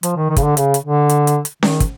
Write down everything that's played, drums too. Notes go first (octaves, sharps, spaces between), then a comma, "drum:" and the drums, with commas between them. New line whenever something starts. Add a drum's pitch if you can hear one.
F3, drum: hi-hat
D#3
D#3
C#3, drum: kick, hi-hat
D3
C#3, drum: hi-hat
drum: hi-hat
D3
drum: hi-hat
drum: hi-hat
drum: hi-hat
D#3, drum: snare C#4
drum: kick, hi-hat